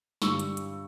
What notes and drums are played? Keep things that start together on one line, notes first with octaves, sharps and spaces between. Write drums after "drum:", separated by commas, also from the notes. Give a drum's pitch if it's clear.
G2 D3 G3 C#6 E6, drum: snare
drum: hi-hat
drum: hi-hat